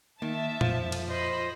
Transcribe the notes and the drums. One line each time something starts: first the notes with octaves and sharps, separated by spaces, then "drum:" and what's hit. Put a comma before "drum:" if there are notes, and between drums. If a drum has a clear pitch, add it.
D#3 A#3 E5 A5
F2 F3, drum: tom A#2
drum: cymbal
C5 D#5 B5